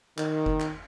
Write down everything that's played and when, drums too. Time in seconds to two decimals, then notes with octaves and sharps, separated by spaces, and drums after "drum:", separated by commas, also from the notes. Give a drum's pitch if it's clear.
0.18 D#3, drum: clap
0.46 drum: kick F#1
0.60 drum: clap